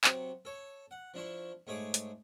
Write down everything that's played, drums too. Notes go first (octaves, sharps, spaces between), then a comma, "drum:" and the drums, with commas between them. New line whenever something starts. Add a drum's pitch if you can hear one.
C3 F#3, drum: clap
A4 C#5
F#5
F3 D4 E4 C#6
G#2 A3 G#4 C#5 D6
drum: hi-hat